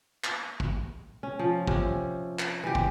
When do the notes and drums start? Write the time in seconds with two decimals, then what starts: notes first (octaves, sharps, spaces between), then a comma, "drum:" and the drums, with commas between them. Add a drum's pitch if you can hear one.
0.24 drum: clap
0.60 drum: kick
1.23 C#4
1.39 F3
1.67 C3 C#4, drum: kick
2.39 drum: clap
2.64 E3 G4
2.75 drum: kick